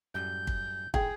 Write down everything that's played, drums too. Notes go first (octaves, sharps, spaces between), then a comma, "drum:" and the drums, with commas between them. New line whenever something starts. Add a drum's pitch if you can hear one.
F#2 A2 G3 G6
drum: kick
A2 G#4 G5, drum: kick